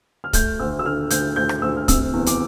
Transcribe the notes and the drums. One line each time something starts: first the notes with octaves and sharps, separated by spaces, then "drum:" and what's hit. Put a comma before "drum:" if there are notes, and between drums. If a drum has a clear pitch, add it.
F6
A3 G6, drum: kick, hi-hat
D2 E6
E6
D3 F6
D2 G6, drum: hi-hat
D2 G6
drum: rim click
D2 E6
F6
C3 E6, drum: kick, hi-hat
E2
D6, drum: hi-hat